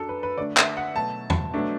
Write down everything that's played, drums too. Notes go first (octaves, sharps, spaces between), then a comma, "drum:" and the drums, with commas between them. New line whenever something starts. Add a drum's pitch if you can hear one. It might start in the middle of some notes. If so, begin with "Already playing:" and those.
Already playing: F#2 F#3 D4 A4
B4
B4
D3 A3 D4 D5
E5, drum: clap
F#5
B2 F#3 A3 A5
drum: tom
B2 F#3 A3 D4